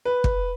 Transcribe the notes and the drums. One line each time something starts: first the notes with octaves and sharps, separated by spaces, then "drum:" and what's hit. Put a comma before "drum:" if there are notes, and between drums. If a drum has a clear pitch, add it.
B4
drum: kick